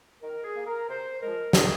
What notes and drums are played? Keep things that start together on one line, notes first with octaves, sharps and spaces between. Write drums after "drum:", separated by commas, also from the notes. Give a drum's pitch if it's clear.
D#3 A#4
G#4
A#3
A#4
C3 C5
F3 G#3 A#4
D#3 G#4, drum: snare